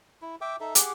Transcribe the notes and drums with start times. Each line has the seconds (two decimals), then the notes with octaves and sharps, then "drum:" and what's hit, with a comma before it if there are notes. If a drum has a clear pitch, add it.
0.22 E4
0.41 E5 G5 D6
0.61 D#4 A4 E5
0.75 G4 G#4 F#5 D6, drum: hi-hat